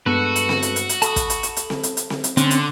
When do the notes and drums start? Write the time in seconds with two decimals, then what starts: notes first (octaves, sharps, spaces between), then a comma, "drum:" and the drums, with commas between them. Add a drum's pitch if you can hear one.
0.06 G2 G#3 B3 F#4 A4 B4
0.36 drum: hi-hat
0.49 drum: snare C4
0.62 drum: hi-hat
0.76 drum: hi-hat
0.89 drum: hi-hat
1.02 A4 A5 B5 D#6, drum: hi-hat
1.16 drum: kick, hi-hat
1.30 drum: hi-hat
1.43 drum: hi-hat
1.57 drum: hi-hat
1.70 drum: snare C4
1.83 drum: hi-hat
1.97 drum: hi-hat
2.10 drum: snare C4
2.24 drum: hi-hat
2.37 D3 C4 C#4 C6 F6 F#6, drum: hi-hat
2.51 drum: hi-hat